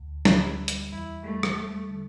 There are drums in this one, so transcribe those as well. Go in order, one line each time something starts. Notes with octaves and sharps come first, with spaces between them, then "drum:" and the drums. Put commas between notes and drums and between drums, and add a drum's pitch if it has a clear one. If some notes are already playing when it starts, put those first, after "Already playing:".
Already playing: D2
D3 E4, drum: snare
G3
drum: hi-hat
E2 E4
G3 A3
drum: rim click
G3
D3